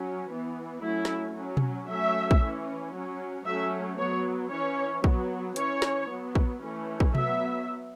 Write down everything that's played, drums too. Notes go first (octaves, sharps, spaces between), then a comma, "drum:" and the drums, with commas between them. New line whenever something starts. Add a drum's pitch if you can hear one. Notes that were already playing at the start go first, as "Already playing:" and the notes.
Already playing: F#3 C#4
E3 B3
F#3 A3 C#4 E4
drum: snare
F#3 C#4
drum: tom B2
F#3 A3 C#4 E5
drum: kick
E3 C#4
F#3 C#4
F#3 A3 C#4 E5
F#3 B3 C#5
E3 C#4 C#5
F#3 B3, drum: kick
E3 C#4 C#5, drum: hi-hat
drum: snare
F#3 B3
drum: kick
E3 A3 C#4
drum: kick
F#3 B3 E5, drum: tom B2